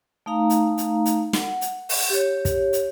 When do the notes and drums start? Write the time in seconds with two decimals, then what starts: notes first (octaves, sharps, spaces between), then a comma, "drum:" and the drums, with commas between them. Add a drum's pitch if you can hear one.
0.26 A3 D#4 F5 A#5
0.50 drum: hi-hat
0.78 drum: hi-hat
1.06 drum: hi-hat
1.33 F#5, drum: snare
1.61 drum: hi-hat
1.89 drum: open hi-hat
2.10 G4 C#5
2.45 drum: kick, hi-hat
2.73 drum: hi-hat